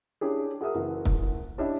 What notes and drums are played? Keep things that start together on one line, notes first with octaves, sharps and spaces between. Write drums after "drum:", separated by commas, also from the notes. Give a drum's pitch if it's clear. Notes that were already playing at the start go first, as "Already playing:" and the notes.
C#4 D4 E4 G4 G#4
F#4 G#4 A#4 E5 D#6
F#1 E3 F#4
drum: kick
C#4 D4 E4 G4 D#5 E5